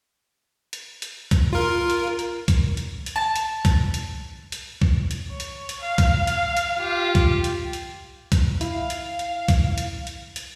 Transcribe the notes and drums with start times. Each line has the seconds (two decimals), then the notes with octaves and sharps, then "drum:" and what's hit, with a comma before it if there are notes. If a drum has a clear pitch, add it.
0.73 drum: hi-hat
1.02 drum: hi-hat
1.31 drum: kick, hi-hat
1.53 F4 A#4
1.90 drum: hi-hat
2.19 drum: hi-hat
2.48 drum: kick, hi-hat
2.77 drum: hi-hat
3.06 drum: hi-hat
3.16 A5
3.36 drum: hi-hat
3.65 drum: kick, hi-hat
3.94 drum: hi-hat
4.52 drum: hi-hat
4.81 drum: kick
5.11 drum: hi-hat
5.31 C#5
5.40 drum: hi-hat
5.69 drum: hi-hat
5.80 F5
5.98 drum: kick, hi-hat
6.27 drum: hi-hat
6.57 drum: hi-hat
6.78 F4 G4
7.15 drum: kick, hi-hat
7.44 drum: hi-hat
7.73 drum: hi-hat
8.32 drum: kick, hi-hat
8.61 E4 F5, drum: hi-hat
8.90 drum: hi-hat
9.19 drum: hi-hat
9.48 drum: kick, hi-hat
9.78 drum: hi-hat
10.07 drum: hi-hat
10.36 drum: hi-hat